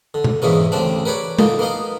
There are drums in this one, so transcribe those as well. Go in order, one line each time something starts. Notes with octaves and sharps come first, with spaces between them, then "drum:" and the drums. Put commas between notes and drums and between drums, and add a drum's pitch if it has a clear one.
D3
drum: tom B2
E2 G#2 E3 G#3 A#3 C#4
A1 D2 C#3 C4 D4
A#4 B4 C#5 D5
A#2 D3 A#3 D#4, drum: tom G#3
A#3 B3 D#4 F5